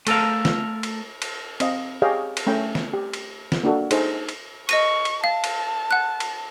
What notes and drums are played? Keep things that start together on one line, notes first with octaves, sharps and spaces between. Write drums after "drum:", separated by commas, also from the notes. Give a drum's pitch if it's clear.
A3 A4 A#4 F5, drum: cymbal
drum: snare
drum: cymbal
drum: cymbal
C4 D#5 F5, drum: cymbal
G4 G#4 C#5 D#5 F5 G5
drum: cymbal
A3 C#4 G5
drum: snare
G4
drum: cymbal
drum: snare
A#3 D4 F#4 A4
D#4 G#4 A4 C5, drum: cymbal
drum: cymbal
D#5 C#6 A#6 D#7, drum: cymbal
drum: cymbal
F5 A5
drum: cymbal
F#5 F#6
drum: cymbal